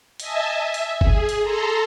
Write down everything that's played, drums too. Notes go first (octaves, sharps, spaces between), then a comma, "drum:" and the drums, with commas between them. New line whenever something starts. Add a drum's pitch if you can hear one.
D#5 E5 G#5 A5, drum: hi-hat
E5
drum: hi-hat
G#4, drum: kick G1
drum: hi-hat
A4 A#5 C6